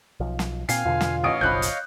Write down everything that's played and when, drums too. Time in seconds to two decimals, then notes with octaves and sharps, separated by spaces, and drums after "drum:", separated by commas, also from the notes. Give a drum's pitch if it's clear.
0.20 B1 F3
0.39 drum: snare
0.69 A#2 C4 F5 G#5 C7, drum: hi-hat
0.85 E2 B2 D3 F4
1.01 drum: snare
1.24 A1 C#5 D#5 F5 D#6 D7
1.41 F#1 B1 F3 B5 F#6 G6
1.62 drum: hi-hat